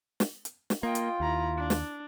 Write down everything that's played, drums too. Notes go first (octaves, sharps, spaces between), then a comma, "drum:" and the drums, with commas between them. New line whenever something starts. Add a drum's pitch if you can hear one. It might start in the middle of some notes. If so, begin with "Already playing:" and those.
drum: snare
drum: hi-hat
drum: snare
A#3 F4 D#5 G5
drum: hi-hat
D#2 E4 A#5
D4
drum: snare